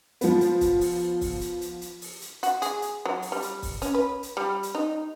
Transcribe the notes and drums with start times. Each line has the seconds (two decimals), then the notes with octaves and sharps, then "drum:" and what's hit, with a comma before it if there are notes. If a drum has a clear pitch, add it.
0.21 F3 B3, drum: hi-hat
0.41 drum: hi-hat
0.61 drum: kick, hi-hat
0.81 drum: open hi-hat
1.21 drum: kick, open hi-hat
1.41 drum: hi-hat
1.61 drum: hi-hat
1.81 drum: hi-hat
2.02 drum: open hi-hat
2.22 drum: hi-hat
2.43 F#4, drum: hi-hat
2.62 G#4, drum: hi-hat
2.82 drum: hi-hat
3.06 F#3
3.22 drum: open hi-hat
3.32 G3
3.42 drum: hi-hat
3.62 drum: kick, open hi-hat
3.82 C#4, drum: hi-hat
3.94 B4
4.23 drum: hi-hat
4.37 G3
4.63 drum: hi-hat
4.75 D#4